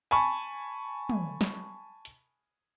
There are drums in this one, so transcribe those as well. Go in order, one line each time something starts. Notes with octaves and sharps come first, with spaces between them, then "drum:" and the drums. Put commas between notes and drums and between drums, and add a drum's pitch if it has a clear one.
G#5 A5 B5 C#6
drum: tom
drum: snare
drum: hi-hat